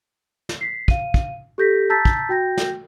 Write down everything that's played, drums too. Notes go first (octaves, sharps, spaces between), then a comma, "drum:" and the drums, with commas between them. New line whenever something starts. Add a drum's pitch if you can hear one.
drum: snare
B6 C7
F5 D#7, drum: kick
drum: kick
G4 A4 G6 A#6 B6
A5 A#5 E6 G6 A6 B6
drum: kick
F#4 G5 G6 A#6
drum: snare